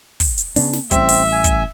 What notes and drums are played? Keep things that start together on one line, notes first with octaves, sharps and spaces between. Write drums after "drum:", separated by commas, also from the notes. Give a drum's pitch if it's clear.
drum: kick, open hi-hat
drum: hi-hat
C#3 B3 D4, drum: open hi-hat
drum: snare
A1 G3 C4 E5, drum: kick, hi-hat
drum: open hi-hat
G#5
drum: kick, hi-hat